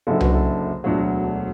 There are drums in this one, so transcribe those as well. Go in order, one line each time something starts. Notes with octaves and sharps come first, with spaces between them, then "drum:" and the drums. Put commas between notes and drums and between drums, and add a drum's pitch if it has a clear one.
F#1 F#2 D3 F#3 E4 A4
F#4 B4, drum: tom C2
E4 A4
E1 D2 D3 F#3 D4 F#4
D4